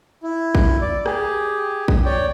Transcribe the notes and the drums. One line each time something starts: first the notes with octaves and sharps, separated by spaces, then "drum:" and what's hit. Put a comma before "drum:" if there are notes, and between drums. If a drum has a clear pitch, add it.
E4
drum: kick
D5
G4 G#4, drum: rim click
drum: kick
C#5 D5 G5